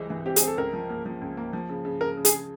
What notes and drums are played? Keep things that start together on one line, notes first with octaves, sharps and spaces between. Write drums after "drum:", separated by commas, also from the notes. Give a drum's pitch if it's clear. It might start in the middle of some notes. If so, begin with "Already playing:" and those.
Already playing: C2 E3 G#3 C4
E3
C4 G4
G#4, drum: hi-hat
C4
A4
C#2 A#4
F3
A#3
F3
C#2
A#3
F3
C#3
C#3
C#3 A#4
C#3
G#4, drum: hi-hat
C#3